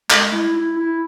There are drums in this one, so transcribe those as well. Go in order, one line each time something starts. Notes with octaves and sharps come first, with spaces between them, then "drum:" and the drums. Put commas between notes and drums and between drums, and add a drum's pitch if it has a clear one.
G#3, drum: clap
E4
E4
E4